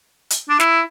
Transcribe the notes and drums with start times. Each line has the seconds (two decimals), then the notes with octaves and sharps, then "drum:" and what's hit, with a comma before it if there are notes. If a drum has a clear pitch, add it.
0.30 drum: hi-hat
0.49 D4
0.60 E4, drum: snare